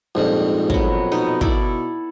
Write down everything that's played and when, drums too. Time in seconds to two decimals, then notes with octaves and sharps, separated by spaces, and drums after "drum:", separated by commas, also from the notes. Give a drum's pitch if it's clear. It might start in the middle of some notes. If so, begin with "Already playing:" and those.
0.15 A#1 F2 G#2 G3
0.70 F#3 B3, drum: kick
1.12 B2 B3 D#4
1.41 E4 A4 D5, drum: kick